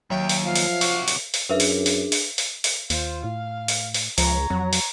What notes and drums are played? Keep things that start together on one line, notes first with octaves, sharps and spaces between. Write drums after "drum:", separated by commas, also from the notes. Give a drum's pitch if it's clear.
D#2 F#3 C#5 E5 G5
drum: open hi-hat
F3 F5
drum: open hi-hat
C3 F#4, drum: open hi-hat
drum: open hi-hat
drum: open hi-hat
F#2 D4 G#4 A#4 B4 E5
drum: open hi-hat
drum: open hi-hat
drum: open hi-hat
drum: open hi-hat
drum: open hi-hat
D#2 F4 C5, drum: open hi-hat
A2 F5
drum: open hi-hat
drum: open hi-hat
C#2 F3 C#5 A#5, drum: open hi-hat
F2 F#3
drum: open hi-hat